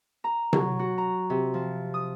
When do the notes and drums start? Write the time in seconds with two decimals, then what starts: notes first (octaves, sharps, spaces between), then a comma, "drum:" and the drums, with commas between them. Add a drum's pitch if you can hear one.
0.24 A#5
0.53 F#3, drum: tom C3
0.79 F#4
0.98 A#5
1.30 C3
1.54 F3
1.94 D#6